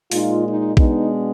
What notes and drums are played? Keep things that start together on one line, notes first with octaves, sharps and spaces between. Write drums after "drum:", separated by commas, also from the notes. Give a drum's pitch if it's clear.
A#2 G#3 D#4 F4, drum: open hi-hat
D#4
B2 G#3 B3 D4 D#4, drum: kick A#1